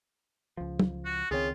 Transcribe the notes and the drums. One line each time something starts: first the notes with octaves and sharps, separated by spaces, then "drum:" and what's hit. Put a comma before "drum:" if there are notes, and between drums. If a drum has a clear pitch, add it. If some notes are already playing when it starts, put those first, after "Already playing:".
C#2 F3
drum: tom
F#4
C#2 D#3 C4 F4 G#4 C#5